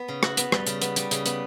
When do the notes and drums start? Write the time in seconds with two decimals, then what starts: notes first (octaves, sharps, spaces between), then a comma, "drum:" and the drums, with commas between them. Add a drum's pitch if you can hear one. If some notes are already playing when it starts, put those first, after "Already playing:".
Already playing: B3
0.09 C#3
0.23 F#4, drum: rim click
0.37 B3, drum: hi-hat
0.52 G3, drum: rim click
0.67 C#3, drum: hi-hat
0.82 B3, drum: hi-hat
0.96 G3, drum: hi-hat
1.11 C#3, drum: hi-hat
1.26 B3, drum: hi-hat